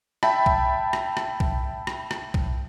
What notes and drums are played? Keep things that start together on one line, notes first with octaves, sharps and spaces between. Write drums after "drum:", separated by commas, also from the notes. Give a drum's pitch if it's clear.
E5 G5 A5 B5, drum: rim click
drum: kick B1
drum: rim click
drum: rim click
drum: kick B1
drum: rim click
drum: rim click
drum: kick B1